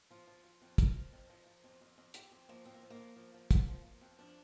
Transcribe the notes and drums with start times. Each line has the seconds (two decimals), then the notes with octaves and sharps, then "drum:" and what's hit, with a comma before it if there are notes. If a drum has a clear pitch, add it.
0.10 F3 F4
0.27 F3
0.44 F3
0.62 F2
0.78 F2 A#4, drum: kick, hi-hat
0.96 F3
1.12 F2
1.30 F3
1.46 F3
1.64 F2
1.81 F2
1.98 F2
2.14 F2 G4, drum: hi-hat
2.32 F2 C4
2.49 F3 A#3
2.65 F2 C4
2.74 A#3
2.83 F3
2.90 A#3
3.00 F3
3.16 F3
3.34 F3
3.51 F3, drum: kick, hi-hat
3.68 F3
3.85 F3
4.01 F2
4.18 F3 D4